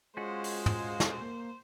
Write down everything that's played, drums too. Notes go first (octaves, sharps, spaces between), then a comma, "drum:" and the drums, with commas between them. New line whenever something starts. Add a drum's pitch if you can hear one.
G#3 C#4 F4 F#4 C5
drum: open hi-hat
drum: tom
drum: snare
A#3